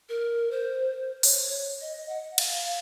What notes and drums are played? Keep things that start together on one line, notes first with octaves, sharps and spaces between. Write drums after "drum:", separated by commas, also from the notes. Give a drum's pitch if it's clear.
A#4
C5
C#5, drum: open hi-hat
D#5
F#5
F5, drum: cymbal